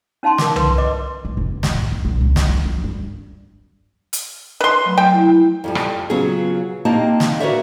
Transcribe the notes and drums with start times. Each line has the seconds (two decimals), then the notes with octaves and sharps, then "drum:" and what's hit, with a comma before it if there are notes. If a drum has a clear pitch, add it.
0.23 C#4 D#4 F5 A5 C6
0.38 A#4 D6, drum: snare
0.56 B4 C6, drum: tom C2
0.78 D#5 D6
1.25 A2
1.37 F1
1.63 A1, drum: snare
1.75 A2
1.91 F#2
2.05 A#1
2.21 C#2
2.36 G2, drum: snare
2.49 D2
2.65 F3
2.84 G2
4.13 drum: hi-hat
4.61 B4 C6
4.86 F#3 A3
4.98 G5
5.14 E4
5.64 F2 F3 G3
5.75 drum: rim click
6.10 C#3 F#3 B3 C#4 F4 G#4
6.85 A#3 C4 D#4 G4 A5
7.20 drum: snare
7.40 F#4 A#4 B4 C#5 D5 E5